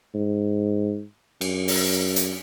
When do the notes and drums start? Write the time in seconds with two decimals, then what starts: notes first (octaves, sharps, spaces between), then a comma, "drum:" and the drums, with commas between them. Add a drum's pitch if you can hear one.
0.14 G#2
1.41 F#2, drum: cymbal
1.68 drum: open hi-hat
2.16 drum: hi-hat